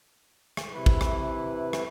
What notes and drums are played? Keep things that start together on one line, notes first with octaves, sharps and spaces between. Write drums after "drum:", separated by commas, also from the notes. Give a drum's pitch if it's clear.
drum: rim click
C3 E3 E4 B4
drum: kick
drum: rim click
drum: rim click